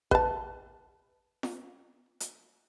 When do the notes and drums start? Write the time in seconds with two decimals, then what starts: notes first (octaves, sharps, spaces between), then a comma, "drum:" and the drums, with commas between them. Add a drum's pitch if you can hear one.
0.11 B4 A5, drum: kick A1
1.43 drum: snare
2.20 drum: hi-hat